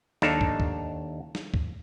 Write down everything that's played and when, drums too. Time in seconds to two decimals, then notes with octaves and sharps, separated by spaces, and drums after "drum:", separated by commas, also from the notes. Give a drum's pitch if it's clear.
0.22 D#2 D4 D#4 A4 F5 A5, drum: snare
0.41 drum: kick
0.60 drum: kick
1.35 drum: snare
1.54 drum: kick